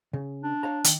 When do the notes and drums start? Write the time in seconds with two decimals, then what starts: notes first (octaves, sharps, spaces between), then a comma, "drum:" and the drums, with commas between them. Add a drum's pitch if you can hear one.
0.13 C#3
0.43 D4
0.63 C#5 F5 A#5
0.84 D#3, drum: hi-hat